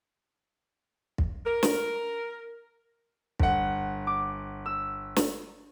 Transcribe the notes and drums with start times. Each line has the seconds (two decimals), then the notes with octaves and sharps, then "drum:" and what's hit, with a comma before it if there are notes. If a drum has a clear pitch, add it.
1.18 drum: kick
1.45 A#4
1.63 drum: snare
3.40 G1 F#5, drum: kick
4.07 D6
4.66 E6
5.16 drum: snare